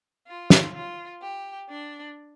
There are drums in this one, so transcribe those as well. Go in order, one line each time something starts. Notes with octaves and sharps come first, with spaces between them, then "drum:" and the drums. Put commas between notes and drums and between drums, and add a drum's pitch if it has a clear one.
F4
drum: snare
F4
G4
D4